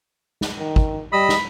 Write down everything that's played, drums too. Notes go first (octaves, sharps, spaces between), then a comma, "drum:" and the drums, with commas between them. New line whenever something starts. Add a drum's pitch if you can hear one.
drum: snare
D#3
drum: kick
G3 D#5 B5 D#6 E6
drum: snare